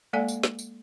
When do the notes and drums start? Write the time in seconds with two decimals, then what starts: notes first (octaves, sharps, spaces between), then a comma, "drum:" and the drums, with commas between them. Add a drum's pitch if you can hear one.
0.13 G#3 A#3 A4 D5 F5 G#5
0.28 drum: tambourine
0.43 drum: snare
0.59 drum: tambourine